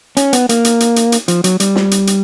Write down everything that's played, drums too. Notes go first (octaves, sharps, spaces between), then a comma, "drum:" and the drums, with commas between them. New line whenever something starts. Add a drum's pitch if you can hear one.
C#4, drum: hi-hat
B3, drum: hi-hat
A#3, drum: hi-hat
drum: hi-hat
drum: hi-hat
drum: hi-hat
drum: hi-hat
F3, drum: hi-hat
F#3, drum: hi-hat
G3, drum: hi-hat
drum: snare
drum: hi-hat
drum: hi-hat